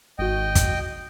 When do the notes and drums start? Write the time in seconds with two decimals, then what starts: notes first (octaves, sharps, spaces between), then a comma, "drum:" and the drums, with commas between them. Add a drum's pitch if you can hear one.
0.18 G#1 F#4 D#5 G5
0.55 drum: kick, hi-hat